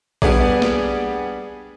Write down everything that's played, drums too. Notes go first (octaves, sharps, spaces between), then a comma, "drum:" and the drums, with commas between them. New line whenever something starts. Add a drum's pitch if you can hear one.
G3 B3 D4 G#4 D5, drum: kick A#1
drum: snare